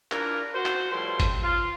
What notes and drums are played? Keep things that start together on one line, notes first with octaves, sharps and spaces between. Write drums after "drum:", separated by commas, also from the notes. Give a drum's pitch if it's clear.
E3 D4 F4 A#4, drum: clap
F#4 C5
drum: clap
A2 F3 G3 B4 C6
drum: kick G1, hi-hat
F4